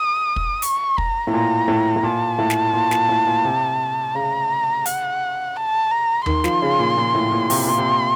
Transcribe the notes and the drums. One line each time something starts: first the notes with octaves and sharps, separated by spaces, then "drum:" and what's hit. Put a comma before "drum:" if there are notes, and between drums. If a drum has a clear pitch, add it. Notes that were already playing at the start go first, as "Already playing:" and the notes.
Already playing: D#6
drum: kick
C#6, drum: hi-hat
A#5, drum: kick
A2
A#2 A#5
A2
A2
A#2 A5
A2
drum: snare
A#2
A#2, drum: snare
A2
A#2
C3
C#3 A#5
F#5, drum: hi-hat
A5
A#5
D#3 C6, drum: tom D#2
F3, drum: snare
C#3
A#2
A#2
A2
A#2
C3, drum: open hi-hat
A#2 C6
C3
A#2